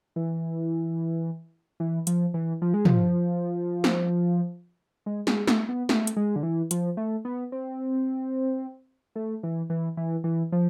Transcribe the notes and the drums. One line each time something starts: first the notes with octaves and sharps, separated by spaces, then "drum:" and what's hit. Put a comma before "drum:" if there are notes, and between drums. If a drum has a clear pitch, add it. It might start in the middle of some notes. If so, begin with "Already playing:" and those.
E3
E3
F3, drum: hi-hat
E3
F3
G#3
F3, drum: tom
drum: snare
G#3
G#3, drum: snare
A3, drum: snare
B3
A3, drum: snare
drum: hi-hat
G#3
D3
E3
F3, drum: hi-hat
A3
B3
C4
A3
E3
E3
E3
E3
F3